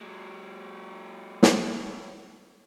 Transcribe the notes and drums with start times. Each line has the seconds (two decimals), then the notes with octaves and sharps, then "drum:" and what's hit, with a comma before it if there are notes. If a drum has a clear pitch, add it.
0.01 F#3 G#3
1.43 drum: snare